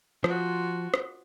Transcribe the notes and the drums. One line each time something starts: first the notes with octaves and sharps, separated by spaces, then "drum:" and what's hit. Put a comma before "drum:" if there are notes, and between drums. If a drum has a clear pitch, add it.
F3 F4 F#4, drum: rim click
drum: rim click